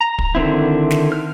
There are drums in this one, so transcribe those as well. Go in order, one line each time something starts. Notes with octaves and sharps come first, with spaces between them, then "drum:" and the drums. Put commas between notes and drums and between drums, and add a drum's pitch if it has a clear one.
A#5
drum: kick
D3 D#3 C4 E4
drum: snare
F6